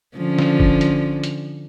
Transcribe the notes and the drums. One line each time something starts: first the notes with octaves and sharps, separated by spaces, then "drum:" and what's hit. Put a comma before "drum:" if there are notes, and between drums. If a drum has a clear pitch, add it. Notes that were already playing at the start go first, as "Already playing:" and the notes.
D3 F3 C#4
drum: snare
drum: kick F#1
drum: hi-hat
drum: hi-hat